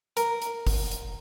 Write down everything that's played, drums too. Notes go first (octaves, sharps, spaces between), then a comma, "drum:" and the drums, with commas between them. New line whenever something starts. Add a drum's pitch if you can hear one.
A#4, drum: hi-hat
drum: hi-hat
drum: kick, open hi-hat
drum: hi-hat